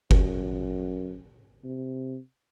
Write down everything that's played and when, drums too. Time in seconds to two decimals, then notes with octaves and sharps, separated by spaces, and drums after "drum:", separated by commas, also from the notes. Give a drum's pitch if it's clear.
0.11 F#2, drum: kick F#1
1.64 C3